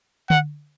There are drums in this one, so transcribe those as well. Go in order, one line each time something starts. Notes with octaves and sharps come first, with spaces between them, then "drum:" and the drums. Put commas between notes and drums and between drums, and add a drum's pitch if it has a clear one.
F#5, drum: tom D3